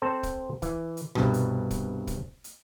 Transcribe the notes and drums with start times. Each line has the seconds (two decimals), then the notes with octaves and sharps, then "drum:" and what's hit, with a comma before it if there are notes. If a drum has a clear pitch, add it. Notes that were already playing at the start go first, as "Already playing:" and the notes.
0.02 C4 A4 C5 A5
0.23 drum: kick, hi-hat
0.62 E3, drum: kick, hi-hat
0.97 drum: hi-hat
1.15 C2 G2 B2, drum: rim click
1.34 drum: hi-hat
1.71 drum: kick, hi-hat
2.07 drum: kick, hi-hat
2.44 drum: hi-hat